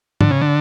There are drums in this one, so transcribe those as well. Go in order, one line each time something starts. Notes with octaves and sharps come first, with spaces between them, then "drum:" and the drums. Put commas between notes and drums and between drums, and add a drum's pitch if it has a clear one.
D3, drum: tom G#2
C#3
D3